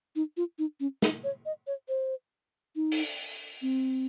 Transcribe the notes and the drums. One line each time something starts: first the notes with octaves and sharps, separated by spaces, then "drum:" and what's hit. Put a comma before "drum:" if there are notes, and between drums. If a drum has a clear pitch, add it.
D#4
F4
D#4
C#4
D#4, drum: snare
C#5
D#5
C#5
C5
D#4
drum: open hi-hat
C4